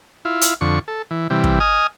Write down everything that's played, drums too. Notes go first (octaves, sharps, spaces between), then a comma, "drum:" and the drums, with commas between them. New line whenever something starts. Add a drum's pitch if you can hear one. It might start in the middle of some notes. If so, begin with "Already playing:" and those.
E4 F4
drum: hi-hat
F2 D3 C#6
A4
E3
C3 E3 G3
drum: kick
D#5 G#5 D#6 F6